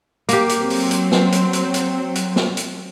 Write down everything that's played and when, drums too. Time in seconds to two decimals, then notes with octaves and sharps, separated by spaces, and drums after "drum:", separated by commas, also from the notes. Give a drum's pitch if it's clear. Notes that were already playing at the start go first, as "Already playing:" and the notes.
0.29 A#3 G4, drum: hi-hat
0.49 drum: hi-hat
0.60 F#3 C4
0.70 drum: open hi-hat
0.91 drum: hi-hat
1.12 drum: snare
1.32 drum: hi-hat
1.53 drum: hi-hat
1.74 drum: hi-hat
2.15 drum: hi-hat
2.36 drum: snare
2.57 drum: hi-hat